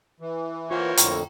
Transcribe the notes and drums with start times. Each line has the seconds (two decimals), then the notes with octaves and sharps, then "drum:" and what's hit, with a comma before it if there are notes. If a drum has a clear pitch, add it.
0.20 E3
0.71 A#3 F4 C5 C#5 F#5
0.97 F2 A2 D3 G5 A#5 C#6, drum: hi-hat